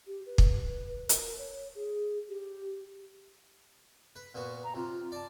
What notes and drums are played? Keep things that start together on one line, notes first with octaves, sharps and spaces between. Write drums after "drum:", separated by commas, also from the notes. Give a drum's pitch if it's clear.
G4
B4
drum: kick
A#4, drum: hi-hat
C#5
G#4
G4
B4
A#2 B3 F#4 B4
A#5
C3 F4
D5 A5